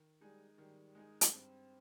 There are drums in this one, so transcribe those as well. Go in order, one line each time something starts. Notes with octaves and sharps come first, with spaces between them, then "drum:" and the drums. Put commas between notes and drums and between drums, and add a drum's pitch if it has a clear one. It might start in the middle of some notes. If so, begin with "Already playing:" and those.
Already playing: D#3
G3 G#3 D#4 G#4
D#3 G3
G#3 D#4 G#4
drum: hi-hat
G2 C4